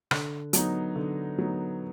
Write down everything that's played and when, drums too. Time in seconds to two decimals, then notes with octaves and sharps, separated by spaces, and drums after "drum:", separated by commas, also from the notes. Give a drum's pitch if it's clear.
0.11 D3, drum: rim click
0.53 F#3 B3 D#4, drum: hi-hat
0.96 D3
1.38 F#3 B3 D#4